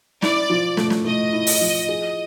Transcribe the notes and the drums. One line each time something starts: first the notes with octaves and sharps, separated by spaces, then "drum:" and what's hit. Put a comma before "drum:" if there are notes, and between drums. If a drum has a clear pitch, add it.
E4 D5, drum: snare
F3
A3, drum: snare
drum: snare
A3 D#5
E4
drum: open hi-hat
F3
G#4